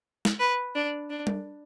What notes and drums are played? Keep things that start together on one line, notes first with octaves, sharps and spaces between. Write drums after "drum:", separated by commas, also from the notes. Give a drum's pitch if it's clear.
drum: snare
B4
D4
D4
drum: tom G3